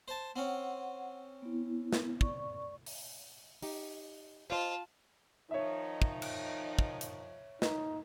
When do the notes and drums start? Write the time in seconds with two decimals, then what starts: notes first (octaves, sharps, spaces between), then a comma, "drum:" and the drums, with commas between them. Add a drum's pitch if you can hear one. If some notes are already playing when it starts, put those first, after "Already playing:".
0.08 C5 A5
0.36 C4 C#4 F#5
1.42 B3 E4
1.93 drum: snare
2.21 D5 C#6, drum: kick
2.86 drum: open hi-hat
3.62 D#4 G4, drum: open hi-hat
4.50 F4 C5 C#5 D#5 A5
5.51 D#3 F3 D#4 C#5 E5
6.02 drum: kick
6.22 drum: cymbal
6.79 drum: kick
7.01 drum: hi-hat
7.62 D#4, drum: snare